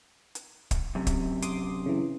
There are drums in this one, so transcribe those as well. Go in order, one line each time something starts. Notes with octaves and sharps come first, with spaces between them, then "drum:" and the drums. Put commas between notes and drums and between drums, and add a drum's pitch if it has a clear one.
drum: hi-hat
drum: kick, hi-hat
F#2 C3
drum: kick, hi-hat
C6 D6 D#6, drum: hi-hat
C#3 E3